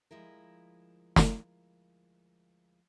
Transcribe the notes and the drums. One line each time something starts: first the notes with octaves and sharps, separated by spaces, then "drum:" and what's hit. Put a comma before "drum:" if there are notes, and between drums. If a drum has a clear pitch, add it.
D2 F3 G#3 E4 A#4
drum: snare